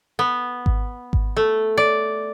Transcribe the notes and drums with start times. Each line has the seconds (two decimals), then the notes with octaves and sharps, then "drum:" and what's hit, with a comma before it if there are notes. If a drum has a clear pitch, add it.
0.19 B3
0.66 drum: kick G#1
1.13 drum: kick G#1
1.37 A3
1.78 D5